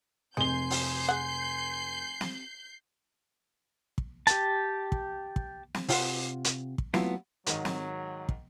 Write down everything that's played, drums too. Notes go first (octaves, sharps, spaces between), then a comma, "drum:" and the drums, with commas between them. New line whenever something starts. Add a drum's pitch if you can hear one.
F1 G#3 G#5 C6 G6 C7 G7
drum: open hi-hat
G#4 F#5
drum: snare
drum: kick
G4 A5, drum: hi-hat
drum: kick
drum: kick
drum: snare
C3 F4 F#5 C6, drum: open hi-hat
drum: hi-hat
drum: kick
F#3 A3 B3 E4 F4, drum: snare
G#2 D#3 F#3 D#5, drum: hi-hat
drum: snare
drum: kick